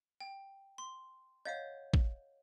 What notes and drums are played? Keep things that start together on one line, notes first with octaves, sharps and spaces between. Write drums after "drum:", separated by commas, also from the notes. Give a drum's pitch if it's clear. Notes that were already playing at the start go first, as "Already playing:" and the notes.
G5
C6
C#5 D#5 F5 F#5 G6
drum: kick A1